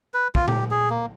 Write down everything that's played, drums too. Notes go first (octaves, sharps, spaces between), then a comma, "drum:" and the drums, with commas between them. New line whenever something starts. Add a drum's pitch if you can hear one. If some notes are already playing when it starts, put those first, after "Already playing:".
B4
F4, drum: kick
G4, drum: tom A#2
G#4
A#3